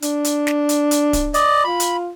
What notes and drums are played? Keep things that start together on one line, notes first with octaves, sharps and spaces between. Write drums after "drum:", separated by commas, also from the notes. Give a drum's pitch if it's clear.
D4, drum: hi-hat
drum: hi-hat
drum: snare
drum: hi-hat
drum: hi-hat
drum: kick D1, hi-hat
D5 D#5, drum: hi-hat
F4 B5
drum: hi-hat